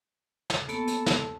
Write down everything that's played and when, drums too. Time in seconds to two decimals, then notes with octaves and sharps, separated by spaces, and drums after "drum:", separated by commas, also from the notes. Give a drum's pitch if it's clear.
0.50 drum: snare
0.69 A#3 B3 A4 A5, drum: hi-hat
0.88 drum: hi-hat
1.06 drum: snare